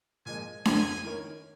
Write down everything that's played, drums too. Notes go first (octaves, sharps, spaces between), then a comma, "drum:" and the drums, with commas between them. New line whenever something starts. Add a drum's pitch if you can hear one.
A#2 F3 G#3 G#5
F2 C#3 F3 A#3 G#5, drum: snare D4
D#3 C#4 A#4 C#5